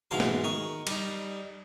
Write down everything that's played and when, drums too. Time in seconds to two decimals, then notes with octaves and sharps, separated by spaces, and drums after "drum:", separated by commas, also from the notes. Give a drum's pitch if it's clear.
0.11 G#2 B2 E3 F5 C6
0.20 drum: snare
0.44 D#3 C#6 D#6
0.87 G3 D#4, drum: cymbal